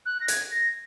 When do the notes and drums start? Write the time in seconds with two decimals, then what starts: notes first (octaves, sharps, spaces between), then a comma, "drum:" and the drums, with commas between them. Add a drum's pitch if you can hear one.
0.06 F#6
0.21 A#6
0.28 G#6, drum: hi-hat
0.51 A#6